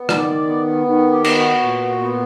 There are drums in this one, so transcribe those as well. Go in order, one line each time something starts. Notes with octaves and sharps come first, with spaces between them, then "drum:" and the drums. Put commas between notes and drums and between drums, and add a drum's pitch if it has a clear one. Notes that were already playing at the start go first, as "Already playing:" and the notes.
Already playing: B3
D#3 D5, drum: rim click
B3
D#3
G4
B3, drum: cymbal
F#4
A#2
B3